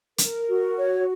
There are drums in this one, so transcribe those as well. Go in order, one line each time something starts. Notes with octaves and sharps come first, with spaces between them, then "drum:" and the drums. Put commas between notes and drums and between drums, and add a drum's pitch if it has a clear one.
A#4, drum: hi-hat
F#4
C#5